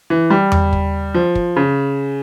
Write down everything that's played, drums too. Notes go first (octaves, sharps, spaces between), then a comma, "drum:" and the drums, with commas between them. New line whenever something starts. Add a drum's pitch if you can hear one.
E3
G3
drum: tom E2
drum: kick
F3
drum: kick
C#3